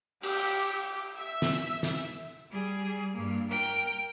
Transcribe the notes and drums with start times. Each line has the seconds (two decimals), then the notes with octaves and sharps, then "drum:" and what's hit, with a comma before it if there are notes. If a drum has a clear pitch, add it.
0.23 G4, drum: cymbal
1.16 E5
1.42 drum: snare
1.83 drum: snare
2.50 G3 G#4
3.13 G2 A#3
3.49 A#4 G5